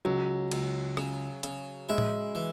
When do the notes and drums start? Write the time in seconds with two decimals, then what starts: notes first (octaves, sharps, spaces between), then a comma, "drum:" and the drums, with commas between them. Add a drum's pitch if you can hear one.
0.05 C#2 F#3
0.52 C#2, drum: cymbal
0.97 C#3, drum: rim click
1.43 C#3, drum: hi-hat
1.89 G#3 E4
1.98 drum: tom A2
2.35 E3